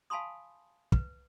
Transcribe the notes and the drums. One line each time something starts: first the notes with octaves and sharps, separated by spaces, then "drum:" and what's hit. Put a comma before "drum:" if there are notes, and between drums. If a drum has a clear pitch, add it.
F5 G#5 A5 B5 C6 D#6
B4, drum: kick